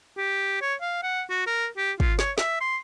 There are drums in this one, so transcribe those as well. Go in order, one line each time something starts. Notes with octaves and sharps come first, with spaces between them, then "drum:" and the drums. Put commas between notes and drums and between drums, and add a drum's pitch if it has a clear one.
G4
C#5
F5
F#5
F#4
A#4
G4
F4, drum: kick
C#5, drum: snare
E5, drum: snare
C6